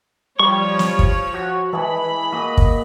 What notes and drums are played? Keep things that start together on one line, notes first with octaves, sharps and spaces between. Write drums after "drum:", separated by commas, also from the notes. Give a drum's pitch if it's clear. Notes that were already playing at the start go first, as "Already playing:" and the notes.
F3 G3 C#5 C#6
drum: snare
drum: kick
F#4
E3 G#3 G#4 A4 B5
A#2 F#4 D#5
drum: kick